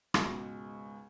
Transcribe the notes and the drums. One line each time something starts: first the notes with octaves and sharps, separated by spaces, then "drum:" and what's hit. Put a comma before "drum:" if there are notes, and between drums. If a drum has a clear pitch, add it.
C#2 G#2 B2, drum: rim click